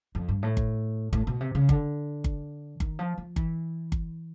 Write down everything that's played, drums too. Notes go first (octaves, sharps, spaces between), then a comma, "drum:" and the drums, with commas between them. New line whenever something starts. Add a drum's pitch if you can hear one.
F2
G2
A2
drum: kick G1
A2, drum: kick G1
B2
C3
C#3
D3, drum: kick G1
drum: kick G1
D#3, drum: kick G1
F3
F3
E3, drum: kick G1
drum: kick G1